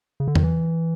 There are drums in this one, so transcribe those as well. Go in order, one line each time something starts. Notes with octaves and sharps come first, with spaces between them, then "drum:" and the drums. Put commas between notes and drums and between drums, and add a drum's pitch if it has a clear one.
C#3
D3
D#3, drum: tom E2
E3